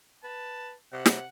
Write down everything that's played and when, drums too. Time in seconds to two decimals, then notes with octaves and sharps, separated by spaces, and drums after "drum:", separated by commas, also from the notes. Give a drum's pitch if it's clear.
0.24 B4 A5
0.93 C3 F#5
1.06 drum: snare